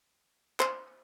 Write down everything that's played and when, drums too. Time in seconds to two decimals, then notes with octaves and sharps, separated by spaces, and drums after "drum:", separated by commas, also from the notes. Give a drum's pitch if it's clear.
0.60 C5, drum: clap